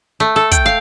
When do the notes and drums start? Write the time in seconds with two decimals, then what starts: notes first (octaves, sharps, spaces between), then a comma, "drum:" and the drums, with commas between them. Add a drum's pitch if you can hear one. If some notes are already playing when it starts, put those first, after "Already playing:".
0.20 A3
0.36 A4
0.51 G5, drum: kick, hi-hat
0.66 F5